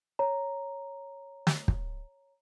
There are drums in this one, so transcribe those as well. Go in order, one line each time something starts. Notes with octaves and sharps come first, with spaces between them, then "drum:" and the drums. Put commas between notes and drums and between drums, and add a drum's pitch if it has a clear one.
C#5 A#5
drum: snare
drum: kick